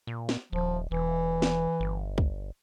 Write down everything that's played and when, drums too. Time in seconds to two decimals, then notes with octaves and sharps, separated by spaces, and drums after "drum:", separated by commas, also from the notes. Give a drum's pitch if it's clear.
0.07 A#2
0.29 drum: snare
0.53 D#1 F3
0.91 E1 E3
1.42 drum: snare
1.80 G1
2.18 drum: kick